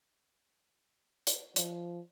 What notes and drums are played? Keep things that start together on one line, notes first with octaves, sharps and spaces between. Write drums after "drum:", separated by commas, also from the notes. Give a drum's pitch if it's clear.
drum: hi-hat
F3, drum: hi-hat